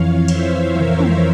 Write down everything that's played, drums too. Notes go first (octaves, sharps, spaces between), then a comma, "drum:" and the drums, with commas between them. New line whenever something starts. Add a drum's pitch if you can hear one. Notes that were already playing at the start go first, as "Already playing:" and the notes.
Already playing: F2 E3 C#5 F5
C5 E5, drum: cymbal
A#4 C#5, drum: tom
drum: tom